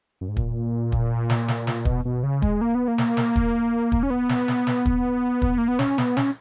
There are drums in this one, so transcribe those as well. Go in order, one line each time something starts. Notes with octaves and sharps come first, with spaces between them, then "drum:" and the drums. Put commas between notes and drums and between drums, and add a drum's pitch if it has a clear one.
F#2
G#2
A#2, drum: kick
drum: kick
drum: snare
drum: snare
drum: snare
B2, drum: kick
B2
C#3
G#3, drum: kick
A#3
B3
A#3
drum: snare
drum: snare
drum: kick
drum: kick
C#4
B3
drum: snare
drum: snare
drum: snare
drum: kick
drum: kick
A#3
B3
C#4, drum: snare
B3, drum: snare
C#4, drum: snare